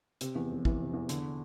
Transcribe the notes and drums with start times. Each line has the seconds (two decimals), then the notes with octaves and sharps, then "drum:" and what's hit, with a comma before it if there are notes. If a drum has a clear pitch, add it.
0.21 C3, drum: hi-hat
0.35 E2
0.50 F1
0.65 E3, drum: kick
0.79 C3
0.94 E2
1.09 D3, drum: hi-hat